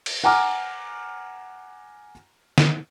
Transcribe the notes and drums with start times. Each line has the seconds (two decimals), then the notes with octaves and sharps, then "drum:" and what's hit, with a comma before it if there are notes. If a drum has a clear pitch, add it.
0.06 drum: cymbal
0.24 F#5 G#5 A#5 D6 F6
2.58 drum: snare